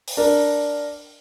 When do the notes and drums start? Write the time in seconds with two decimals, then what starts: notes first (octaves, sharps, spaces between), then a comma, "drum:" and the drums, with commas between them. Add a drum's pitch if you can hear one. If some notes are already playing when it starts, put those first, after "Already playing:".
0.08 drum: open hi-hat
0.17 D4 A#4